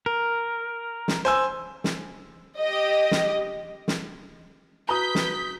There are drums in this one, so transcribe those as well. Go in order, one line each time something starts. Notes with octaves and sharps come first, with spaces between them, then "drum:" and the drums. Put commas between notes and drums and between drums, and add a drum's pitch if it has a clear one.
A#4
drum: snare
C5 G#5 E6
drum: snare
G4 D#5
drum: snare
drum: snare
F#4 B4 A#5 D#6 G6 B6
drum: snare